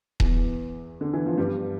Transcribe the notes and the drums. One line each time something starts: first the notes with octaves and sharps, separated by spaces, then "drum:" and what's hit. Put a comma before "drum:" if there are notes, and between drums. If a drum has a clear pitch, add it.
E2 E3, drum: kick D#1
D3
E3
F3
G2 G3